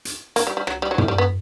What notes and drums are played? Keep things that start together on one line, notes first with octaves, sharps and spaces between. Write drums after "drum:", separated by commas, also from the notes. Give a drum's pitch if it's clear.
drum: hi-hat
A#3, drum: hi-hat
G3
G3
F#3, drum: rim click
G3
F#3
G3, drum: tom
G3
B3